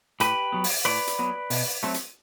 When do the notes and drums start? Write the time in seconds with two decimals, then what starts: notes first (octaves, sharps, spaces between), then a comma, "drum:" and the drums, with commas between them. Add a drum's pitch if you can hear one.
0.20 A2 G4 B4, drum: hi-hat
0.52 F#3 B3
0.64 drum: open hi-hat
0.85 A2 B4 D5
1.07 drum: hi-hat
1.19 F#3 B3
1.50 B2, drum: open hi-hat
1.83 F#3 A3 C4
1.94 drum: hi-hat